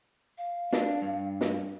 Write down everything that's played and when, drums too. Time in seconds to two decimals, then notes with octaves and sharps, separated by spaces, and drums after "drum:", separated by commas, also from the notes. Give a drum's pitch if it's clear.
0.37 F5
0.73 D4, drum: snare
1.02 G2
1.41 drum: snare